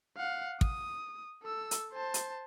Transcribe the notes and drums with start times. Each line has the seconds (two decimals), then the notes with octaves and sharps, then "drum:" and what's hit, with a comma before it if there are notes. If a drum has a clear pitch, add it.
0.17 F5 F#5
0.61 D#6, drum: kick
1.43 A4 E6
1.71 drum: hi-hat
1.93 C5 A5
2.14 drum: hi-hat